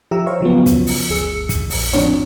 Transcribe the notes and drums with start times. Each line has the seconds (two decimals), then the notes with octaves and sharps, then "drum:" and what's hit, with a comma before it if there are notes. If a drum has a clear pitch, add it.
0.11 F3 G4 E5 A#5 E6
0.26 C5 C#5 F5 A#5 C#6
0.41 C#3 F3 F#3 B3
0.66 drum: kick, hi-hat
0.87 drum: open hi-hat
1.09 G1 D2 G#4 E6 C#7
1.49 drum: kick, hi-hat
1.70 A#1 F2, drum: open hi-hat
1.93 F3 C4 D4 C#5, drum: tom